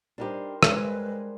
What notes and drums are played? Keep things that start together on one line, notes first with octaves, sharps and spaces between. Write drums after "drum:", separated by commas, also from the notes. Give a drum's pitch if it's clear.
G3 D4 D#4 G4 A#4 C5
G2 G#3 B4, drum: rim click